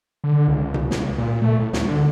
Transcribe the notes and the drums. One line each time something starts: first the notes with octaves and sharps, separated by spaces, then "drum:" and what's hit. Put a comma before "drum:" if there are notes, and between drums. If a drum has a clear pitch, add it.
D3
C#2
drum: tom B2
C#2, drum: snare
A#2
A3
A2
D2, drum: snare
D3